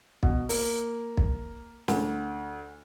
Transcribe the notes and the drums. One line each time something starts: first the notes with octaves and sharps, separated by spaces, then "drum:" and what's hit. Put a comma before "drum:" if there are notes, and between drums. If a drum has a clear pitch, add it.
B2, drum: kick
A#3, drum: open hi-hat
drum: kick
D2, drum: snare